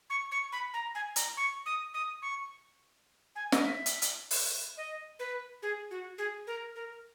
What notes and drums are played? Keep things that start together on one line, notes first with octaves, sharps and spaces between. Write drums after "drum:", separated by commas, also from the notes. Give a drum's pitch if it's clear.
C#6
C#6
B5
A#5
G#5
A#5, drum: hi-hat
C#6
D#6
D#6
C#6
G#5
D#5, drum: snare
E5
drum: hi-hat
drum: hi-hat
drum: open hi-hat
D#5
B4
G#4
F#4
G#4
A#4
A#4